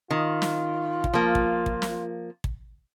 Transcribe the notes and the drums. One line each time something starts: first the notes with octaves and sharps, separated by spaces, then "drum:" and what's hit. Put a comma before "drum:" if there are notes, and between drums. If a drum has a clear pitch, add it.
D#3 F4
drum: snare
drum: kick
F3 A#3
drum: kick
drum: kick
drum: snare
drum: kick